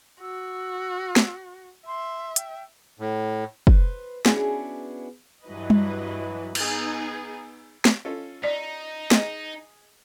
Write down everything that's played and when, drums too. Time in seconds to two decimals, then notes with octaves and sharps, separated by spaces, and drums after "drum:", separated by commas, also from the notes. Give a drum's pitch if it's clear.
0.21 F#4 E6
1.16 drum: snare
1.87 E5 C6
2.36 G5, drum: hi-hat
3.00 A2
3.67 B4 C5, drum: kick
4.26 B3 C#4 D4 E4 F#4 G#4, drum: snare
5.45 G2 E3 F#3 B4 D#5
5.70 drum: tom G3
6.55 B3 D#4 G#4, drum: cymbal
7.85 drum: snare
8.05 C#4 F4 A4
8.44 D#4 D5
9.11 G#4 D#5, drum: snare